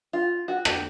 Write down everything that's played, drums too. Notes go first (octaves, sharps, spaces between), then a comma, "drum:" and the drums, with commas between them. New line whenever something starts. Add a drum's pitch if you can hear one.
F4
F#4
G4, drum: rim click